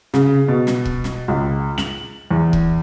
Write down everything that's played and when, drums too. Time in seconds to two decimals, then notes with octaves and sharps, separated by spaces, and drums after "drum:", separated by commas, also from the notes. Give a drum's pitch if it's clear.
0.14 C#3, drum: snare
0.48 B2
0.67 drum: snare
0.85 drum: kick
1.04 drum: snare
1.28 C#2
1.78 F#7, drum: snare
2.31 E2
2.53 drum: kick